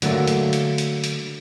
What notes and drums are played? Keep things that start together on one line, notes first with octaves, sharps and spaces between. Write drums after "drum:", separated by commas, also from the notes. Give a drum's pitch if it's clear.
D3 F#3 A3 A#3, drum: hi-hat
drum: hi-hat
drum: hi-hat
drum: hi-hat
drum: hi-hat